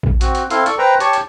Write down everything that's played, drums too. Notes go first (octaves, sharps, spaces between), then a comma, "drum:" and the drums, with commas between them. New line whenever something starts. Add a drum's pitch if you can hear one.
drum: kick A#1
C4 F#4, drum: hi-hat
drum: hi-hat
C4 E4 A4 F5 C6, drum: hi-hat
A4 D5 C#6, drum: hi-hat
B4 C5 G5 A#5
G4 C#5 A5 C#6, drum: hi-hat
drum: hi-hat